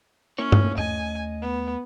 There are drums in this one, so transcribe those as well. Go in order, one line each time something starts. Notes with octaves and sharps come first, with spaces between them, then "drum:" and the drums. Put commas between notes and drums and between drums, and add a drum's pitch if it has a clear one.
A#3 C#4 E4 C#5
drum: tom G2
D#2 A3 D#5 G#5
B3